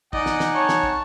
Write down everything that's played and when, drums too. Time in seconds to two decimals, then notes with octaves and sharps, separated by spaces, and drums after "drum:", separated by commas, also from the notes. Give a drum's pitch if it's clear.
0.13 D#4 D5 D#5 F#5 G#5, drum: kick
0.26 drum: snare
0.40 drum: snare
0.55 C#5 A5
0.69 drum: snare
0.83 drum: kick